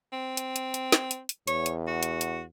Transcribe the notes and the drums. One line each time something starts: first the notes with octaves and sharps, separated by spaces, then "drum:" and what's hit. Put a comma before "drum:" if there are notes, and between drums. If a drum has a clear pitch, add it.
C4
drum: hi-hat
drum: hi-hat
drum: hi-hat
drum: snare
drum: hi-hat
drum: hi-hat
E2 C#5, drum: hi-hat
drum: hi-hat
F#4
drum: hi-hat
drum: hi-hat